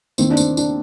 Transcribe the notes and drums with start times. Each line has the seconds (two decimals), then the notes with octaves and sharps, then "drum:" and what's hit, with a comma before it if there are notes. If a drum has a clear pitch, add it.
0.18 D#2 D#3 C4, drum: tambourine
0.30 D4
0.37 C4, drum: tambourine
0.57 D4, drum: tambourine